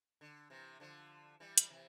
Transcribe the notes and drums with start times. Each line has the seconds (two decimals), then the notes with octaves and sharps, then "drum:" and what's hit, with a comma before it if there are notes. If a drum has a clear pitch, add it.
0.21 D3
0.50 C3 E3
0.80 D3 F3
1.40 E3 G3
1.58 drum: hi-hat
1.70 C3 E3